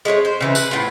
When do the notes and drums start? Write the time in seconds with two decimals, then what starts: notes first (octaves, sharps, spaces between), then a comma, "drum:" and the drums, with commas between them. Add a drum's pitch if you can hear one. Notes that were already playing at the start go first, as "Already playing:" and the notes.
0.05 G#3 A3 G4 C#5
0.25 C5
0.41 C#3 E3 G4
0.55 B4, drum: tambourine
0.71 A2 B3 F4